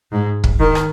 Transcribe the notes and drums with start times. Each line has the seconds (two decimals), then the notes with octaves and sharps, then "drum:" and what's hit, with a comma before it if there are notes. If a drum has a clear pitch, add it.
0.12 G#2
0.44 drum: kick
0.59 D#3
0.75 drum: rim click